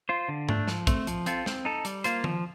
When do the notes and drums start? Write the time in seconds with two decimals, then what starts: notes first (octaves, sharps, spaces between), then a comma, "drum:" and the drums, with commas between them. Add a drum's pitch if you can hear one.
0.09 F4 C5
0.28 D3
0.49 A3 D4, drum: tom G#2
0.68 F3, drum: snare
0.87 A3 C4, drum: kick, hi-hat
1.07 F3, drum: hi-hat
1.26 C4 F4 A4, drum: hi-hat
1.46 C4, drum: snare
1.65 D#4 A4
1.85 G3, drum: hi-hat
2.04 A#3 F4 C5, drum: hi-hat
2.24 F3, drum: tom D#3